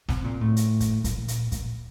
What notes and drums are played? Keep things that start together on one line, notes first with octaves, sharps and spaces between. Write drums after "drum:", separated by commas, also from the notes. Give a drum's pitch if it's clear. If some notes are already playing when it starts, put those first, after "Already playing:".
C3, drum: snare
A#2
A2
drum: hi-hat
drum: kick, hi-hat
A#2, drum: hi-hat
drum: hi-hat
A#2, drum: hi-hat